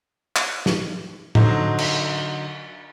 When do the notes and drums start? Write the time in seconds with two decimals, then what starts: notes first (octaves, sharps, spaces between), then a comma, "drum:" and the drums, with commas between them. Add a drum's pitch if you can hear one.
0.36 drum: clap
0.66 drum: snare
1.35 D3 F#3 D#4 C5, drum: tom A2
1.78 drum: cymbal